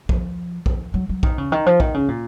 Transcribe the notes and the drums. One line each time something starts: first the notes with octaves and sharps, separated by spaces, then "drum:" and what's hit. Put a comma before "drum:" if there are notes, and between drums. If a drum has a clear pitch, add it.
F3, drum: kick A#1
F3, drum: kick A#1
F#3
F#3
D#3, drum: kick A#1
C#3
D#3
F3
D#3, drum: kick A#1
C#3
A#2